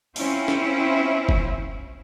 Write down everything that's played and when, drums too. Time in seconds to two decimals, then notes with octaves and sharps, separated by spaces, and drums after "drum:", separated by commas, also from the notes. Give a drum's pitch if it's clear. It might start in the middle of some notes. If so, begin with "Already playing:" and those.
0.16 C4 C#4 E4 F4 C5, drum: open hi-hat
0.48 drum: snare
1.29 drum: kick